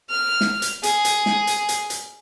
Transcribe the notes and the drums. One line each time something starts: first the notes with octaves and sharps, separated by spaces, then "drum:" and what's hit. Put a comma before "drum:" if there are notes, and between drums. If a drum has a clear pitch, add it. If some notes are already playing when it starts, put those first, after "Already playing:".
F6
drum: snare
drum: hi-hat
G#4, drum: hi-hat
drum: hi-hat
drum: snare
drum: hi-hat
drum: hi-hat
drum: hi-hat